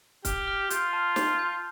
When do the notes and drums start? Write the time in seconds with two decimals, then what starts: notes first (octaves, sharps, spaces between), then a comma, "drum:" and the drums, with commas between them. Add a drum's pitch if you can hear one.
0.25 G4 F6, drum: kick, hi-hat
0.48 F6
0.70 F4 G6, drum: hi-hat
0.93 A5
1.16 G6, drum: snare
1.39 G6